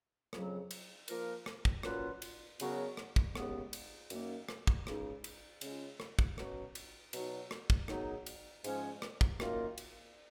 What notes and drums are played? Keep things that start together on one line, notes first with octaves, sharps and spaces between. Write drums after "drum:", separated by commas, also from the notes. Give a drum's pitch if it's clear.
F2 C#3 F#3, drum: rim click
drum: cymbal
F3 A#3 F4 A#4, drum: cymbal
drum: rim click
drum: kick
A#2 F#3 C#4 F4 B4, drum: rim click
drum: cymbal
C#3 F#3 B3 F#4 A#4, drum: cymbal
drum: rim click
drum: kick
D#2 C#3 G#3 B3, drum: rim click
drum: cymbal
F#2 D#3 A#3 C#4, drum: cymbal
drum: rim click
drum: kick
C#2 C#3 G#3 D#4, drum: rim click
drum: cymbal
C#3 G#3 C#4 F4, drum: cymbal
drum: rim click
drum: kick
B2 F#3 C#4 F#4, drum: rim click
drum: cymbal
B2 F#3 B3 D#4 F#4, drum: cymbal
drum: rim click
drum: kick
D#3 F#3 B3 D#4 G#4, drum: rim click
drum: cymbal
G#2 F3 G#3 C#4 G#4, drum: cymbal
drum: rim click
drum: kick
F#2 D#3 A#3 F4 A#4, drum: rim click
drum: cymbal